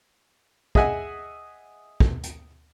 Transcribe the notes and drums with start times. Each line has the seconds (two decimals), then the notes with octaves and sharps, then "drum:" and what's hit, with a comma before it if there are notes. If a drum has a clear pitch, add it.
0.75 G#4 D#5 E5 F#5 G#5, drum: kick
2.00 drum: kick
2.23 drum: hi-hat